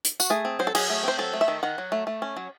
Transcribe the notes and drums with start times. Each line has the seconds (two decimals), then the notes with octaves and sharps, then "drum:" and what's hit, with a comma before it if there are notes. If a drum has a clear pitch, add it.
0.05 drum: hi-hat
0.20 F#4, drum: tambourine
0.30 A3 G#4
0.45 C4
0.59 F#3 C5
0.67 A4
0.75 F#3 G#4, drum: cymbal
0.90 A3
1.04 C4 C5
1.18 F#3 A4
1.33 A3
1.41 E5
1.48 D#3
1.63 D#3 F#5
1.78 F#3
1.92 A3
2.07 A3
2.22 C#4
2.37 F#3